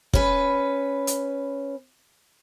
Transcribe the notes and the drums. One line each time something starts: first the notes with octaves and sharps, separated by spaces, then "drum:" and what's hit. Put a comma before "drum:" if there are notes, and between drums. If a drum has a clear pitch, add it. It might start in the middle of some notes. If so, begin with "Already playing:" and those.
C#4 B4, drum: kick
drum: hi-hat